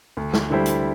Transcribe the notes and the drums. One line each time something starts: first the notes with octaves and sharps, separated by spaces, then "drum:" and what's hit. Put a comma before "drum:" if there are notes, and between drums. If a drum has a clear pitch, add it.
D2
drum: snare
D3 G3 E4 C5
drum: hi-hat